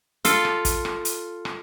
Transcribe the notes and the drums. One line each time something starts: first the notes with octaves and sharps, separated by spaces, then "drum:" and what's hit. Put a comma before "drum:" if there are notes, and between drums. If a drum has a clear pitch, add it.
F4 A4, drum: hi-hat
drum: rim click
drum: kick, hi-hat
drum: rim click
drum: hi-hat
drum: rim click